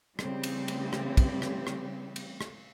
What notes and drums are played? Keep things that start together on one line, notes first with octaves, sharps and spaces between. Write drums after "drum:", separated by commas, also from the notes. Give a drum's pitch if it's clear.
C#3 E3 G3 A3 C4 G4, drum: rim click
drum: cymbal
drum: cymbal
drum: rim click
drum: kick, cymbal
drum: rim click
drum: rim click
drum: cymbal
drum: rim click